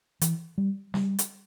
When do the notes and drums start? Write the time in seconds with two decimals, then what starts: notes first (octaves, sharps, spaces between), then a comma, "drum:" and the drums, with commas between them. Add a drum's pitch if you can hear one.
0.21 E3, drum: hi-hat
0.58 G3
0.94 G3, drum: snare
1.19 drum: hi-hat